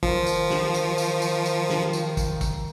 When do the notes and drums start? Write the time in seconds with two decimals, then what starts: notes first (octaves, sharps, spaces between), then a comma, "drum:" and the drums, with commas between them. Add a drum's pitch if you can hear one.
0.03 D#3 F3, drum: kick
0.27 drum: tambourine
0.50 drum: snare
0.74 drum: tambourine
0.98 drum: tambourine
1.22 drum: tambourine
1.46 drum: tambourine
1.69 drum: snare
1.93 drum: tambourine
2.17 drum: kick, tambourine
2.41 drum: kick, tambourine